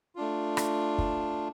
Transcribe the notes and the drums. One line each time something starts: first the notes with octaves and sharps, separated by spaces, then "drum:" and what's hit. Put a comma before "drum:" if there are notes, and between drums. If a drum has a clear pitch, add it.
A3 D4 F4
drum: rim click
drum: kick